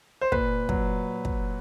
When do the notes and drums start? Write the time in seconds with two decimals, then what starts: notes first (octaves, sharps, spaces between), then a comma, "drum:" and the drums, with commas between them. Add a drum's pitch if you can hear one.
0.21 C5
0.32 A#2 B4, drum: kick
0.69 F#3, drum: kick
1.25 drum: kick